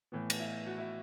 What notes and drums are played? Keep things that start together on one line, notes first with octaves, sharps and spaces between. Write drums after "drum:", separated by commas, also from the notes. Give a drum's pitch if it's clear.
A2 E3 B3
drum: cymbal
E4
F#4
E4